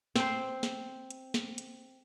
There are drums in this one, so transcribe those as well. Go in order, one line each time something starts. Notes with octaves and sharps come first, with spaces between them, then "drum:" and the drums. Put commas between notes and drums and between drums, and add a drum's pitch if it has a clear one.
C4 C5, drum: snare
drum: snare
drum: hi-hat
drum: snare
drum: hi-hat